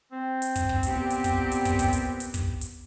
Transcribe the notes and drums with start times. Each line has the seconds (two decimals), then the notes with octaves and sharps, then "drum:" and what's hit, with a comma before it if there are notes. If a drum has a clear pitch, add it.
0.12 C4
0.42 drum: hi-hat
0.56 drum: kick, hi-hat
0.69 drum: kick
0.83 A#2 B3 G4, drum: hi-hat
1.10 drum: hi-hat
1.24 drum: kick, hi-hat
1.52 drum: hi-hat
1.65 drum: kick, hi-hat
1.79 drum: kick, hi-hat
1.93 drum: hi-hat
2.20 drum: hi-hat
2.34 drum: kick, hi-hat
2.61 drum: hi-hat